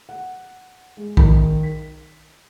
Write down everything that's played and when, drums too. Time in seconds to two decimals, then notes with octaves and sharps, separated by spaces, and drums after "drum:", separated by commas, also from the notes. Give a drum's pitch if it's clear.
0.09 F#5
0.97 G#3
1.17 D#3, drum: kick A#1
1.63 B6